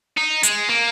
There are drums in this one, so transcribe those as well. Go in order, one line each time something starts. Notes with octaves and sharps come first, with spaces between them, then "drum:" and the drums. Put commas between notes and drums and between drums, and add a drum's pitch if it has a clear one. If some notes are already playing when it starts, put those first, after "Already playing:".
D#4
G#3, drum: hi-hat
A#3